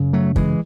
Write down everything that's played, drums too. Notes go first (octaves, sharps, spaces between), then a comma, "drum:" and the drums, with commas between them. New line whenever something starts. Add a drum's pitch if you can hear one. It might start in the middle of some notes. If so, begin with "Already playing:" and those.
Already playing: F#2 C#3
F#3 A3
E3 G#3, drum: kick